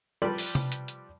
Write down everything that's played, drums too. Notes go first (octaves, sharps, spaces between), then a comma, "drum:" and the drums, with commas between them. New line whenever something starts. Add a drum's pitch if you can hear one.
F3 G3 B4 D5 C6
drum: open hi-hat
drum: tom C3
drum: hi-hat
drum: hi-hat